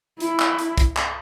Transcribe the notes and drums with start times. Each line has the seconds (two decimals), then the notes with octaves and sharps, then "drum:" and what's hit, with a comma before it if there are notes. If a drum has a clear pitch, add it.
0.20 E4, drum: hi-hat
0.40 drum: clap
0.59 drum: hi-hat
0.78 drum: kick, hi-hat
0.97 drum: clap